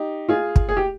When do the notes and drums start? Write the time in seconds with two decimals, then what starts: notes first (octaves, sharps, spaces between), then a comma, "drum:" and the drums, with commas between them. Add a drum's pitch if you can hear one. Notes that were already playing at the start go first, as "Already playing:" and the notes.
Already playing: D#4 G4
0.29 F4 G#4
0.56 drum: kick
0.69 G#4
0.77 G4